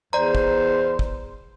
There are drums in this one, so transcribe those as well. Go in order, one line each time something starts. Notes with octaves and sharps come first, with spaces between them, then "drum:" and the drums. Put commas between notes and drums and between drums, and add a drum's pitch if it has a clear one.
E2 C5 D5 A#5
drum: kick
drum: kick